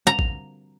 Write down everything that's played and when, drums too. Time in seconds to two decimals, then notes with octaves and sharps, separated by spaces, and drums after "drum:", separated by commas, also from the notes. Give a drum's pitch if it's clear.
0.07 A#5
0.19 drum: kick